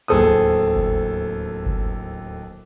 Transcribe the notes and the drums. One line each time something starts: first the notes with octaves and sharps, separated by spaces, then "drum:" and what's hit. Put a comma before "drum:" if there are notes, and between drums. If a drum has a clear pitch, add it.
D1 D#2 G#4 A4 C5 D#6
drum: kick G1
drum: kick G1